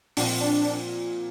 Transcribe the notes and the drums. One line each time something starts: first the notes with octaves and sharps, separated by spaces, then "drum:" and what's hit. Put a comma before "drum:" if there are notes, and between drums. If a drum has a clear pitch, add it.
A#2 F3 C4 D4 F4, drum: open hi-hat
D4